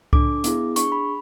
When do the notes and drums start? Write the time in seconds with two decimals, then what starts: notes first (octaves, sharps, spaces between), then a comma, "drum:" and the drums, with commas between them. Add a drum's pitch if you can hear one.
0.13 D4 A4 D6, drum: kick C2
0.44 B3 E4 G#4, drum: hi-hat
0.76 D4 G#4 C#6, drum: hi-hat
0.92 B5